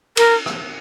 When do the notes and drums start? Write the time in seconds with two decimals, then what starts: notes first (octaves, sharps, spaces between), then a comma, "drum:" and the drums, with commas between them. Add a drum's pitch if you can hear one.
0.17 A#4, drum: cymbal
0.46 drum: rim click